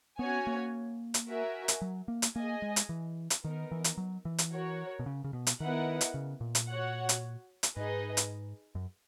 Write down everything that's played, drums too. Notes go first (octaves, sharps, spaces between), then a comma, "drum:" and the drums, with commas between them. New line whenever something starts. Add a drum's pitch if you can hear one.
B3 C#4 F#4 C#5 G#5
A#3
drum: hi-hat
F#4 A#4 E5 G#5
drum: hi-hat
F#3
A#3
drum: hi-hat
A#3 G#4 D#5 G#5
G#3
drum: hi-hat
E3
drum: hi-hat
D#3 B3 D#4 A#4
E3
drum: hi-hat
F#3
E3
drum: hi-hat
F#4 A#4 C#5
B2
C#3
C#3
B2
drum: hi-hat
D#3 B3 E4 A#4 D#5 F#5
drum: hi-hat
C#3
A#2
drum: hi-hat
F#4 C#5 F#5
drum: hi-hat
drum: hi-hat
G#2 D#4 G#4 B4 D#5
drum: hi-hat
F#2